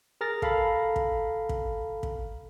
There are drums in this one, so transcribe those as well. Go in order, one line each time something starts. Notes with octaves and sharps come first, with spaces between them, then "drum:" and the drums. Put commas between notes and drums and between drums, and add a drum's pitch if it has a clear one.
G#4 A#4 F6 A6 A#6
A4 F5 A#5 B5, drum: kick
drum: kick
drum: kick
drum: kick